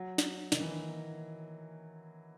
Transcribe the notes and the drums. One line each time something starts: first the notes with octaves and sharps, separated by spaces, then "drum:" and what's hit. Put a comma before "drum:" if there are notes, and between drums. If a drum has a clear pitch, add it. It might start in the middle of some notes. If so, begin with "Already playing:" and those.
Already playing: F#3
drum: snare
D#3, drum: snare
E3